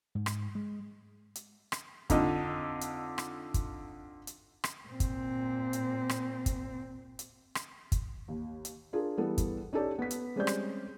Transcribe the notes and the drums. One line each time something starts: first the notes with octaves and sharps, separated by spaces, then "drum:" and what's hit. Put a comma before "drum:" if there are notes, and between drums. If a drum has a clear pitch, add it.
G#2
drum: rim click
G#3
drum: hi-hat
drum: rim click
F2 D3 D#4, drum: kick, hi-hat
drum: hi-hat
drum: rim click
drum: kick, hi-hat
drum: hi-hat
drum: rim click
A#2 C4
drum: kick, hi-hat
drum: hi-hat
drum: rim click
drum: kick, hi-hat
drum: hi-hat
drum: rim click
drum: kick, hi-hat
D#2
drum: hi-hat
D4 F4 G#4 A#4
E3 G3 B3 A4
drum: kick, hi-hat
C#4 D#4 G4 A4 D5
B3 B6
drum: hi-hat
G3 G#3 C4 C#4 D5 G6
drum: rim click